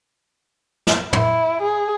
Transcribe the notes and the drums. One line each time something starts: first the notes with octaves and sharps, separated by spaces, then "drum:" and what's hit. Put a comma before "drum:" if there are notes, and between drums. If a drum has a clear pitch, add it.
drum: snare
E4, drum: tom
G#4